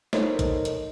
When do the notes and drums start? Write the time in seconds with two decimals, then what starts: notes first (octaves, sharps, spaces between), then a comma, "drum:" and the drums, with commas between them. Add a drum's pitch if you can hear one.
0.13 D#4 A4 A#4 C5 C#5 D#5, drum: snare
0.39 drum: kick A#1, hi-hat
0.65 drum: hi-hat